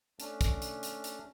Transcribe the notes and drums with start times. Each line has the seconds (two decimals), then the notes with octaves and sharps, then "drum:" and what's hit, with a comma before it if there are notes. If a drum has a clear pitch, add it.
0.20 A3 C#4 D4, drum: hi-hat
0.41 drum: kick, hi-hat
0.62 drum: hi-hat
0.83 drum: hi-hat
1.04 drum: hi-hat